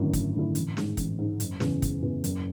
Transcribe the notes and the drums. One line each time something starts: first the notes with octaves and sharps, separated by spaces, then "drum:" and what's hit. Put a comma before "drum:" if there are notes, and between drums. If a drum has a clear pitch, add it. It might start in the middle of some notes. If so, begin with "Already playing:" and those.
Already playing: G#1 F#2 D3 A3 E4
G#1, drum: kick, hi-hat
F#2 D3 A3 E4
A1, drum: hi-hat
G#2 G#3, drum: snare
A1, drum: kick, hi-hat
G#2 G#3
F#1, drum: hi-hat
E2 C#3 E3 B3, drum: snare
F#1, drum: kick, hi-hat
E2 C#3 E3 B3
F#1, drum: hi-hat